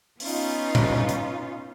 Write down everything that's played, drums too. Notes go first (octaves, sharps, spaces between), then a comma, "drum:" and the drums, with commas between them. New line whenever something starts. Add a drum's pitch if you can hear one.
B3 C#4 D#4 F4, drum: open hi-hat
drum: tom A#2
drum: hi-hat